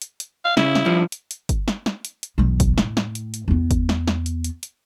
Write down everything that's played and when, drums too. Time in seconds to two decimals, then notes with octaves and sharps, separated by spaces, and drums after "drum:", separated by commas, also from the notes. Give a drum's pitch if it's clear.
0.02 drum: hi-hat
0.20 drum: hi-hat
0.45 F5
0.57 C#3 E4, drum: snare
0.75 drum: snare
0.85 G2 F3
1.12 drum: hi-hat
1.31 drum: hi-hat
1.49 drum: kick G1, hi-hat
1.68 drum: snare
1.86 drum: snare
2.05 drum: hi-hat
2.23 drum: hi-hat
2.38 B1 E2
2.60 drum: kick G1, hi-hat
2.78 A2, drum: snare
2.97 drum: snare
3.15 drum: hi-hat
3.34 drum: hi-hat
3.48 E2 B3
3.71 drum: kick G1, hi-hat
3.89 drum: snare
4.08 drum: snare
4.26 drum: hi-hat
4.44 drum: hi-hat
4.63 drum: hi-hat